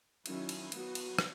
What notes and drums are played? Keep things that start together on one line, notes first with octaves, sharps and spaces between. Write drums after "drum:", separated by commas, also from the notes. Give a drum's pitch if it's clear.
D#3 F#3 C#4 E4, drum: cymbal
drum: cymbal
F#3 B3 F#4, drum: cymbal
drum: cymbal
drum: rim click